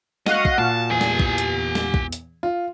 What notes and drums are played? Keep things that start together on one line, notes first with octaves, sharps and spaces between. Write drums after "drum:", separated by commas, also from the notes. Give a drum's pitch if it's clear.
F#4 D#5 F5 F#5, drum: snare
drum: kick
A#2 A5
E2 G4 G#5
drum: snare
drum: kick
drum: hi-hat
drum: snare
drum: kick
drum: hi-hat
F4